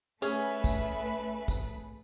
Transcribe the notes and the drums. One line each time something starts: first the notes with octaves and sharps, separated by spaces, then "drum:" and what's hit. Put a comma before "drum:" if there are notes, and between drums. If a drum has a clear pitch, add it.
A3 C#4 G#4 A4 B4 E5, drum: tambourine
drum: kick, tambourine
drum: kick, tambourine